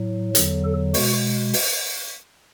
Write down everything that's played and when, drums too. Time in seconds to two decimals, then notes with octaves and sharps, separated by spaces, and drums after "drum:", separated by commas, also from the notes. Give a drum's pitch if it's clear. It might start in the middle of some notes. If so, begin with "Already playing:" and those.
Already playing: A2 F#3
0.35 E2 D3 F#3, drum: hi-hat
0.64 A4
0.94 B2 G#3 F#4, drum: open hi-hat
1.53 drum: open hi-hat